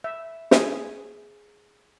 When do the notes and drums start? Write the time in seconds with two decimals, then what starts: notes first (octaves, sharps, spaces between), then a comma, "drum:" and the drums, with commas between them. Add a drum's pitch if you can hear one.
0.04 E5
0.51 G#4, drum: snare